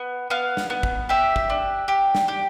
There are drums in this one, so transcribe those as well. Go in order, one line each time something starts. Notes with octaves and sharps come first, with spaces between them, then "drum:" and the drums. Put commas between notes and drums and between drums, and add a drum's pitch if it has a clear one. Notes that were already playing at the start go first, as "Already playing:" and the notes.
Already playing: B3
B3 F5
drum: snare
B3
drum: kick
G4 E5
drum: kick
D4
G4
drum: snare
G4